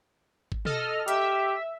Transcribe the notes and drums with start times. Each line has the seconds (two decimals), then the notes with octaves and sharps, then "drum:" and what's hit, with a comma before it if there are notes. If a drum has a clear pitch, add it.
0.52 drum: kick G#1
0.65 A4 D#5 F6, drum: tom B2
1.08 G4 E5, drum: hi-hat